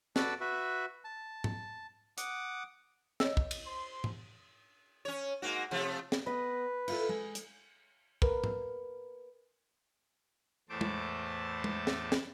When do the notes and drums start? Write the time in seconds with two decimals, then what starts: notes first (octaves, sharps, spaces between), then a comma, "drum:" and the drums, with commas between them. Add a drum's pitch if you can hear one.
0.16 F#4 A4 B4 D5 A5 E6, drum: snare
0.41 F#4 B4 E5
1.05 A5
1.44 drum: tom G#2
2.18 F#5 D6 D#6, drum: hi-hat
3.20 C#5 D#5 E6, drum: snare
3.37 drum: kick
3.51 drum: cymbal
3.67 C5 C6
4.04 drum: tom G#2
5.05 C#4 C#5
5.42 G#2 A#3 F#4
5.71 C3 F3 A3
6.12 drum: snare
6.27 B3 B4 D#5
6.88 E4 F4 A4, drum: cymbal
7.09 G#3
7.35 drum: hi-hat
8.22 A#4 B4, drum: kick
8.44 drum: tom G#2
10.69 E2 A2 A3 C5 A5 D6
10.81 drum: tom G#3
11.64 drum: tom G#3
11.87 drum: snare
12.12 drum: snare